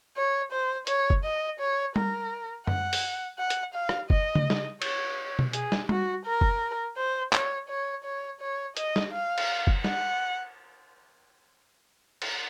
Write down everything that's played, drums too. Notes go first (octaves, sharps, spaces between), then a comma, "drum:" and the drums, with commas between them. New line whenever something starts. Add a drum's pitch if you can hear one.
C#5
C5
C#5, drum: hi-hat
drum: kick F#1
D#5
C#5
A#4, drum: tom G3
F#5, drum: tom F#2
drum: open hi-hat
F#5
drum: hi-hat
F5
drum: rim click
D#5, drum: kick F#1
drum: tom C#3
drum: snare
C#5, drum: cymbal
drum: tom B2
G#4, drum: hi-hat
drum: snare
F#4, drum: tom G3
A#4
drum: kick F#1
C5
C#5, drum: clap
C#5
C#5
C#5
D#5, drum: hi-hat
drum: snare
F5
drum: cymbal
drum: kick F#1
F#5, drum: snare
drum: cymbal